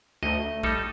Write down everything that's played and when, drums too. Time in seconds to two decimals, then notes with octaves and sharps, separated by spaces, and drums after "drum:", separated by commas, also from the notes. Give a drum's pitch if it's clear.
0.23 D2 A3 D#5
0.63 G3 D#4 A4, drum: kick A#1